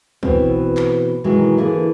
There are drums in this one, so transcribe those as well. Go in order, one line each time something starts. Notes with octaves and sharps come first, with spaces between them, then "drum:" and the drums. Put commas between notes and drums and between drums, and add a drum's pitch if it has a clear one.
B2 E3 B3 C4, drum: kick
drum: clap
B2 D#3 E3 F#3 G#3 A#3
D3 E3 A#3 E4 G#4